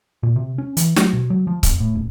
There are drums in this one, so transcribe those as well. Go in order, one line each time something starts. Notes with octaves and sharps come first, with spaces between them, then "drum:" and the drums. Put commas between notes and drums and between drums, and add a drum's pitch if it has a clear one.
A#2
C3
C#4
E3, drum: hi-hat
F#3, drum: snare
B2
F#3
F3
F1, drum: kick C#1, hi-hat
A2
D#1